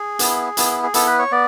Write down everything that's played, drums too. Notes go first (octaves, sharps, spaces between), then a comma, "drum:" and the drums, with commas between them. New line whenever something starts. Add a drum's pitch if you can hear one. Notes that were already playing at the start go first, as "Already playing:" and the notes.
Already playing: G#4
B3 E4, drum: hi-hat
B3 E4, drum: hi-hat
G#4
B3 E4 A4, drum: hi-hat
B4
C#5
B3 D5